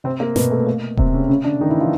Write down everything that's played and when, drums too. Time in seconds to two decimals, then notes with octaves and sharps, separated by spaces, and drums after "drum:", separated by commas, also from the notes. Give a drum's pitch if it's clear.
0.04 C3 C4
0.20 A#3
0.36 B2 B3, drum: snare
0.51 A3
0.67 A#3
0.97 C3 C4, drum: kick D#1
1.14 C#3 C#4
1.29 C#3 C#4
1.44 D3 D4
1.61 D#3 D#4
1.70 E3 E4
1.81 F3 F4